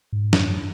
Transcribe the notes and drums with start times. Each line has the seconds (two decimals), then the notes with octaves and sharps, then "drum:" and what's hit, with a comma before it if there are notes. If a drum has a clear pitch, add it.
0.13 G#2
0.33 F#2, drum: snare